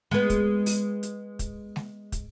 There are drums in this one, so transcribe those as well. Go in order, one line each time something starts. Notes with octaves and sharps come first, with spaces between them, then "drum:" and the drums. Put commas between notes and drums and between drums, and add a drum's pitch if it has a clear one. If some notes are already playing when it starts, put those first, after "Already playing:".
G#3 B3, drum: snare G#3
drum: kick, hi-hat
drum: open hi-hat
drum: hi-hat
drum: kick, hi-hat
drum: snare G#3
drum: kick, hi-hat